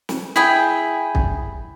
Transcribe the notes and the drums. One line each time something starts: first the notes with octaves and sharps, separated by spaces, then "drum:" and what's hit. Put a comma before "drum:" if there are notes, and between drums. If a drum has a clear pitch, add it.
drum: snare
E4 G#4 G5
drum: kick